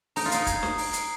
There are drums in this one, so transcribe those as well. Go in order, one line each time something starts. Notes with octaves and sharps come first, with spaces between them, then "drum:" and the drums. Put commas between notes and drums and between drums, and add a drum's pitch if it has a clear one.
D#4 A#5, drum: open hi-hat
F4
D#4 C7, drum: hi-hat
G#6, drum: kick, hi-hat
D#6, drum: snare
A#5, drum: open hi-hat
C7, drum: hi-hat